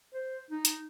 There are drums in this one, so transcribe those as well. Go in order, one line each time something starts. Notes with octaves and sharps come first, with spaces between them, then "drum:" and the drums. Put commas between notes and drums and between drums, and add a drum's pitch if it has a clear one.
C5
D#4
drum: hi-hat